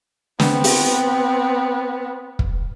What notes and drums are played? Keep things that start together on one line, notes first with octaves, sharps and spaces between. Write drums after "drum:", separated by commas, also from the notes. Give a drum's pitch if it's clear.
B3 C4, drum: snare
drum: open hi-hat
drum: kick